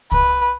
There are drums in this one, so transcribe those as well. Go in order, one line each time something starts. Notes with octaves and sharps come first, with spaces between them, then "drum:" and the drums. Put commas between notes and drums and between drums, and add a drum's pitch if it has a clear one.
B4, drum: kick C2